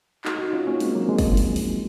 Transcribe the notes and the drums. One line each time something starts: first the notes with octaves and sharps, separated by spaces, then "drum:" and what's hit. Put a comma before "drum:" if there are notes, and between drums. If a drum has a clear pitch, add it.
D#4 F#4, drum: clap
D#4 F#4
C#4 F4
A#3 C#4
G#3 C4, drum: open hi-hat
F#3 A#3
F3 G#3
drum: kick, open hi-hat
drum: open hi-hat
drum: open hi-hat